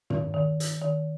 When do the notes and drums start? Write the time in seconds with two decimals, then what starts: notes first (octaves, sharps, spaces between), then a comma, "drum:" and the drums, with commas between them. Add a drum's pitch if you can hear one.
0.10 D#3, drum: tom
0.34 D#3
0.60 drum: hi-hat
0.82 D#3